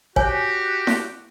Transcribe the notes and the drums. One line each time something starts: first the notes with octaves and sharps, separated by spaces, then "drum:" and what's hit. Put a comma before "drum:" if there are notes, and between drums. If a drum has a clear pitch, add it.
F#4 G4 C#5 G#5, drum: kick
drum: snare E4